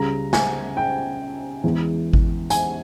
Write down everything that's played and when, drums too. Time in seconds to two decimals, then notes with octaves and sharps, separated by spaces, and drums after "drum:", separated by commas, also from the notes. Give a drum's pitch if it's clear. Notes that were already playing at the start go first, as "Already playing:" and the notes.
Already playing: C#2 C#3 G3 A#5
0.33 G#5, drum: snare
0.77 G5
1.64 E2 E3 G#3
2.13 drum: kick G#1
2.50 G#5, drum: hi-hat